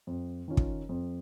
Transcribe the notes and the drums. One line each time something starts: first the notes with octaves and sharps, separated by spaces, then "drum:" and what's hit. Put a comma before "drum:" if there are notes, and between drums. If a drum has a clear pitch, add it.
F2
D#3 C#4 F4
drum: kick
F2